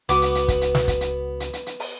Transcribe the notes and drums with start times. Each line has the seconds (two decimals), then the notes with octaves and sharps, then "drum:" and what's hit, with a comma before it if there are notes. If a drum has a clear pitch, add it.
0.09 C#2 B3 F#4 D6, drum: hi-hat
0.22 drum: hi-hat
0.35 drum: hi-hat
0.48 drum: kick, hi-hat
0.61 drum: hi-hat
0.75 drum: snare
0.88 drum: kick, hi-hat
1.01 drum: hi-hat
1.40 drum: hi-hat
1.53 drum: hi-hat
1.66 drum: hi-hat
1.80 drum: open hi-hat